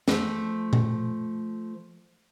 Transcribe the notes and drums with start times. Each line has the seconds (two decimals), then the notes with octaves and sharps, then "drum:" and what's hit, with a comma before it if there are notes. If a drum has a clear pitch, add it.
0.08 F3 A3, drum: snare
0.73 drum: tom A#2